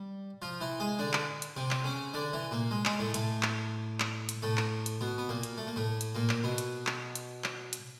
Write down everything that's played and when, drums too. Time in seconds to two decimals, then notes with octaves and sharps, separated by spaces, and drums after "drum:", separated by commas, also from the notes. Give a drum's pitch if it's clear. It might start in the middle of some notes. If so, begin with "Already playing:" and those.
Already playing: G3
0.42 F3 F4
0.61 E3 E4
0.80 G#3 G#4
0.99 D3 D4
1.13 drum: clap
1.42 drum: hi-hat
1.56 C3 C4
1.71 drum: clap
1.84 C#3 C#4
2.14 D3 D4
2.33 E3 E4
2.51 A#2 A#3
2.71 G#3
2.85 G#3, drum: clap
2.99 A2 A3
3.14 A2 A3, drum: hi-hat
3.43 drum: clap
4.00 drum: clap
4.29 drum: hi-hat
4.42 A2 A3
4.57 drum: clap
4.86 drum: hi-hat
5.01 B2 B3
5.18 B3
5.29 A#2 A#3
5.43 drum: hi-hat
5.58 A3
5.67 A#3
5.76 A2 A3
6.01 drum: hi-hat
6.15 A#2 A#3
6.29 drum: clap
6.44 B2 B3
6.58 drum: hi-hat
6.87 drum: clap
7.15 drum: hi-hat
7.44 drum: clap
7.73 drum: hi-hat